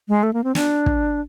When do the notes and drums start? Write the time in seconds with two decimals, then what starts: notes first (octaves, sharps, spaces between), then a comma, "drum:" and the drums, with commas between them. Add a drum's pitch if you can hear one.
0.09 G#3
0.23 A3
0.33 A#3
0.44 C4
0.55 D4, drum: snare
0.86 drum: kick